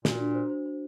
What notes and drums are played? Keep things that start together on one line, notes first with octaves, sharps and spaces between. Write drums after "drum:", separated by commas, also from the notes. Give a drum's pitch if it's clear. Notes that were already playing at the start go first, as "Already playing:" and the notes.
A#2 F#4, drum: snare
D4
C5
C5
C5